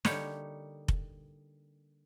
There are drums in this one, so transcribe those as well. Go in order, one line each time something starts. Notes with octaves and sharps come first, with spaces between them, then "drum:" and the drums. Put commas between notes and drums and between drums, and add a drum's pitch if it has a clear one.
D3 G3 A#3 D#4 G4 C#5, drum: snare
drum: kick F1